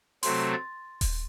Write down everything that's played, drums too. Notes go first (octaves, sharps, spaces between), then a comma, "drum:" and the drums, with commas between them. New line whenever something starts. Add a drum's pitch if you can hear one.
C3 F#3 A3 C4 C6, drum: open hi-hat
A6
drum: kick D#1, open hi-hat